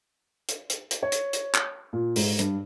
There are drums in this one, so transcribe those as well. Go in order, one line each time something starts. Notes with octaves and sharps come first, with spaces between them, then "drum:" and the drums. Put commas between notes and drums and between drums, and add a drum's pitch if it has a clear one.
drum: hi-hat
drum: hi-hat
drum: hi-hat
C#5
drum: hi-hat
drum: hi-hat
drum: clap
A#2
G#2, drum: open hi-hat
G2, drum: hi-hat